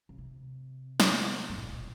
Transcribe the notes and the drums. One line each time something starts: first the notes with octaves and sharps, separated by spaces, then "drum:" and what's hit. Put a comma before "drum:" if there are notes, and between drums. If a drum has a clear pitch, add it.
C#3
C3
drum: snare
G#2
A#2
A#2